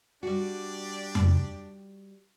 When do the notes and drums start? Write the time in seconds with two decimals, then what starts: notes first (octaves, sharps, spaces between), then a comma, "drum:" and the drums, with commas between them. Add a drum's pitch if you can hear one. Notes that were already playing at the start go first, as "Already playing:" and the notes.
0.23 G3 D4 F#4 G4
1.15 drum: tom F2